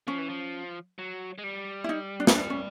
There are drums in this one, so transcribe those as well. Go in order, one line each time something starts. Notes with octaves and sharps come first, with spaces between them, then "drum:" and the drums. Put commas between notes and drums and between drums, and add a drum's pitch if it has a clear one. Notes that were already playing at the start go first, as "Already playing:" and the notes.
F3 C#4
E3
F3
F#3
G#3
G3
E4
D#4
D4
D#4, drum: snare
D4
C#4